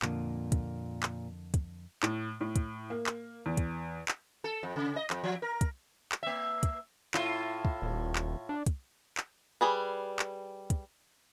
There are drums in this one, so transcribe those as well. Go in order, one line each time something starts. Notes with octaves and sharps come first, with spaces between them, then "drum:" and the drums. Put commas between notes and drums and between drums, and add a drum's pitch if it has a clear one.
F2 A#2 D3 A#3, drum: clap
drum: kick, hi-hat
drum: clap
drum: kick, hi-hat
A2, drum: clap
A2
drum: kick, hi-hat
A#3
drum: clap
E2
drum: kick, hi-hat
drum: clap
A4
F2
C#3
D#5
F2, drum: clap
F3
A#4
drum: kick, hi-hat
drum: clap
A#3 E5
drum: kick, hi-hat
A2 E4 F4, drum: clap
drum: kick
D#1
drum: clap
D4
drum: kick, hi-hat
drum: clap
G3 G#4 B4
drum: clap
drum: kick, hi-hat